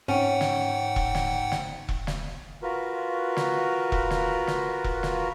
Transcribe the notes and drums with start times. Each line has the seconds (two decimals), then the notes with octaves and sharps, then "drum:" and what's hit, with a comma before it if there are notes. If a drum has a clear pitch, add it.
0.08 G#2 C#4 F#5 G5
0.41 drum: snare
0.96 drum: kick E1
1.15 drum: snare
1.52 drum: snare
1.89 drum: kick E1
2.07 drum: snare
2.63 F4 F#4 A#4 B4
3.36 drum: snare
3.92 drum: kick E1
4.10 drum: snare
4.47 drum: snare
4.84 drum: kick E1
5.03 drum: snare